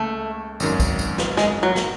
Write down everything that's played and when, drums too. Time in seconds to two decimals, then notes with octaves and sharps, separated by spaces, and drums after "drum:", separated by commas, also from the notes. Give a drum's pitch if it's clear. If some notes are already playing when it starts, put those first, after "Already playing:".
Already playing: C#2 A3 A#3
0.60 G#1 F#2 D#3, drum: tambourine
0.80 drum: kick, tambourine
0.99 drum: tambourine
1.18 drum: snare
1.37 G#3, drum: snare
1.63 F#3
1.76 drum: snare